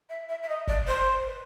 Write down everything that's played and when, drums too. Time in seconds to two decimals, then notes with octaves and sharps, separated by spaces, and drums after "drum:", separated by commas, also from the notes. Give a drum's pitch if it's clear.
0.09 E5
0.29 E5
0.42 E5
0.48 D#5
0.67 D5, drum: kick
0.87 C5
1.25 B4